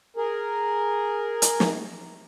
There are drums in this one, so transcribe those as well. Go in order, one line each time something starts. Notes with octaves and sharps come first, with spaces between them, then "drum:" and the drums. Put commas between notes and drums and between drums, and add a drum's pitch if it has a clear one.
G#4 A#4
drum: hi-hat
drum: snare